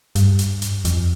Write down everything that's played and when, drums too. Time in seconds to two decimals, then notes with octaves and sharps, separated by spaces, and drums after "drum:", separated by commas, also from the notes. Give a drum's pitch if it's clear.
0.15 G2, drum: hi-hat
0.39 drum: hi-hat
0.62 drum: hi-hat
0.85 F2, drum: hi-hat